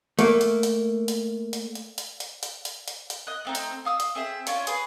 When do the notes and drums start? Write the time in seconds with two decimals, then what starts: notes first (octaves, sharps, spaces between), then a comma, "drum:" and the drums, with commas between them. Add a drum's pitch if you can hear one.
0.19 A3 A#3, drum: hi-hat
0.41 drum: hi-hat
0.63 drum: hi-hat
1.08 drum: hi-hat
1.53 drum: hi-hat
1.75 drum: hi-hat
1.98 drum: hi-hat
2.20 drum: hi-hat
2.43 drum: hi-hat
2.65 drum: hi-hat
2.88 drum: hi-hat
3.10 drum: hi-hat
3.27 D#5 F#6
3.45 A3 C4 D#4
3.55 drum: hi-hat
3.85 F5 D#6 E6
4.00 drum: hi-hat
4.15 C4 G#4 E5
4.47 C#4 D4 F4 C#5, drum: hi-hat
4.67 G#4 B4, drum: hi-hat